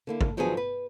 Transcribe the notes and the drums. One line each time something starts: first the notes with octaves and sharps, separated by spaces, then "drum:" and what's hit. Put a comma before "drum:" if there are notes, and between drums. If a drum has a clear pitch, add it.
D3 A#3 E4
drum: kick
D#3 F3 F#3 B3 D4 G#4
B4